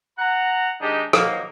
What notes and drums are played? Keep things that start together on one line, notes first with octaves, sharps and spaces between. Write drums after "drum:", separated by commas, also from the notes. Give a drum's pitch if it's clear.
F#5 A#5
D#3 G#3 D4 D#4 G4
D#3 F3 F#3 A#3, drum: rim click